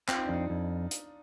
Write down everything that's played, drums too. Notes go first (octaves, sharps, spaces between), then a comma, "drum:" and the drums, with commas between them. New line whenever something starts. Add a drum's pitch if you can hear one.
C4 F4, drum: clap
D#4
D4
F2 D#4
F2
drum: hi-hat